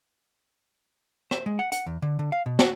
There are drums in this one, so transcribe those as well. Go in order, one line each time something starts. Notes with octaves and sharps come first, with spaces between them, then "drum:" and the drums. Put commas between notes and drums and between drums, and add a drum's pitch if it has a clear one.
C5, drum: rim click
G#3
F#5
F#5, drum: hi-hat
E2
D3
D3
F5
B2
F#4, drum: snare